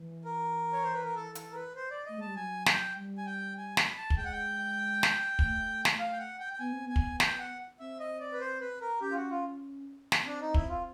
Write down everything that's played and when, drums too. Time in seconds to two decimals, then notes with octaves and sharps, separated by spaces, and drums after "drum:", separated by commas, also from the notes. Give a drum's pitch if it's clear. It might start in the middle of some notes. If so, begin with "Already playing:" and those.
Already playing: E3
0.25 A#4
0.73 C#5
0.84 C5
0.93 B4
1.04 A#4
1.15 A4
1.35 A4, drum: hi-hat
1.51 A#4
1.55 B4
1.75 C5
1.91 D5
2.06 A3 D#5
2.18 G#3 A5
2.27 G3
2.36 F#3 G#5
2.66 G5, drum: snare
2.96 G3
3.18 G#5
3.26 G5
3.57 G#5
3.77 B5, drum: snare
3.97 A5
4.10 A3, drum: kick
4.17 G#3 G5
4.25 F#5
4.32 G5
5.03 drum: snare
5.39 A3, drum: kick
5.85 drum: snare
5.99 F5
6.12 G5
6.18 F#5
6.39 G5
6.53 G5
6.59 B3 G#5
6.72 C4
6.85 B3 G#5
6.96 drum: kick
7.20 G5, drum: snare
7.39 F#5
7.80 C4 E5
8.00 D#5
8.20 D5
8.33 B4
8.40 C5
8.60 B4
8.81 A#4
9.00 C#4 G4
9.11 F4
9.16 F#4
9.30 F4
10.12 drum: snare
10.21 C4 D4
10.41 D#4
10.54 E4, drum: kick
10.69 F4